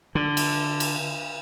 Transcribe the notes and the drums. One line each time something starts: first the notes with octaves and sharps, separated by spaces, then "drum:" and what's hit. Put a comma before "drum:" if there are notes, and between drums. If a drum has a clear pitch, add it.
D3
drum: cymbal
drum: cymbal